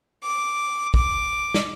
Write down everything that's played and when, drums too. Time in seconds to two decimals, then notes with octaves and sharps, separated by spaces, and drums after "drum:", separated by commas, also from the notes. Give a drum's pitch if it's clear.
0.24 D6
0.94 D6, drum: kick
1.54 drum: snare